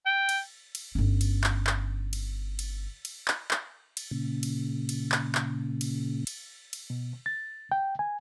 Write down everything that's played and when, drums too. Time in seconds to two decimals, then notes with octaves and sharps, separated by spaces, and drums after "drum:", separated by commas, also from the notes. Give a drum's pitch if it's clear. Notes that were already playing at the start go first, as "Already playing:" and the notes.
0.06 G5
0.29 drum: cymbal
0.75 drum: cymbal
0.95 G1 C#4
1.21 drum: cymbal
1.44 drum: clap
1.67 drum: clap
2.13 drum: cymbal
2.59 drum: cymbal
3.05 drum: cymbal
3.28 drum: clap
3.51 drum: clap
3.97 drum: cymbal
4.11 A#2 C#3
4.43 drum: cymbal
4.89 drum: cymbal
5.12 drum: clap
5.35 drum: clap
5.81 drum: cymbal
6.27 drum: cymbal
6.73 drum: cymbal
6.90 B2
7.26 A6
7.72 G5
7.99 G#5